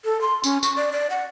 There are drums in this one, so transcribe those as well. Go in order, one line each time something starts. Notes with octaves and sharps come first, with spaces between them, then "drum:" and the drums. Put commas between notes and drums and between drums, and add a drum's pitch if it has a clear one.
A4
C6
C#4, drum: tambourine
C#6, drum: tambourine
D5
D5
F#5